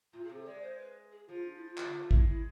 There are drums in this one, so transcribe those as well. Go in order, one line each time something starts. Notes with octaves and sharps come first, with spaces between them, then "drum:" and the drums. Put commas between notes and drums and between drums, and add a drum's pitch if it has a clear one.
A2 F4
G#4
C3
A4
G#3 D5
C5
B4
G#4
F3 F4
D4
E4
F4
E3, drum: clap
D3
F3
A3
G#3 E4, drum: kick
E4